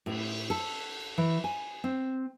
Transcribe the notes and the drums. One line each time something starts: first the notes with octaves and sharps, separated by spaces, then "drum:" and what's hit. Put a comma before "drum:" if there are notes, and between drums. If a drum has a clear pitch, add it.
A2, drum: cymbal
A4
E3
G#5
C4